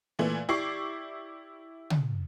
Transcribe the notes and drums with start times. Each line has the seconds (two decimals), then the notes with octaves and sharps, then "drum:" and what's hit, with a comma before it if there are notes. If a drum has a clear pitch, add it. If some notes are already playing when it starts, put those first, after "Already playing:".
0.19 A#2 E3 A3
0.49 E4 G4 D5 C#6 D6 C7
1.90 drum: tom